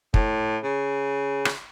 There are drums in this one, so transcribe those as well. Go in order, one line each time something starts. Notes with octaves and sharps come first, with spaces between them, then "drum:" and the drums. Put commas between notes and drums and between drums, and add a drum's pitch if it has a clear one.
A2, drum: kick
C#3
drum: rim click